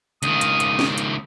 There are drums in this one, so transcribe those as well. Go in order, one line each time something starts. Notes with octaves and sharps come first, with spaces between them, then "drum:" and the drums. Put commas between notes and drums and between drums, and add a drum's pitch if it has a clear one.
C#2 D#3 D#6, drum: hi-hat
drum: hi-hat
drum: hi-hat
drum: snare
drum: hi-hat